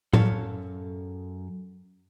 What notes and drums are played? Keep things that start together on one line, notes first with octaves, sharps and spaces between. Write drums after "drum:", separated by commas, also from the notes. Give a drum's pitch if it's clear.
F#2 A4 C#5 F5, drum: tom A2